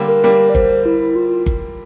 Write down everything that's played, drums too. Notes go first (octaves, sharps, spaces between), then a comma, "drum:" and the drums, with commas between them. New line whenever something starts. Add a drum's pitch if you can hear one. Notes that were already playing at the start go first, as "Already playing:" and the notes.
Already playing: D3 G3 A#3
A#4
G3 A#3
D5
C5, drum: kick G1
E4
F4
drum: kick G1